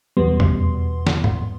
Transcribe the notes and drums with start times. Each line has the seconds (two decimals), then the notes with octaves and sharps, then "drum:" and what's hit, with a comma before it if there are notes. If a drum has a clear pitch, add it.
0.17 E2 B2 G3 B3 C6
0.40 C6, drum: tom F2
1.07 drum: snare
1.24 drum: tom